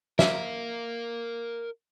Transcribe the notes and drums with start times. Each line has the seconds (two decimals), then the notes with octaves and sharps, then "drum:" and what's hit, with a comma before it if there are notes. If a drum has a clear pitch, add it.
0.19 A#4 E5 F5, drum: snare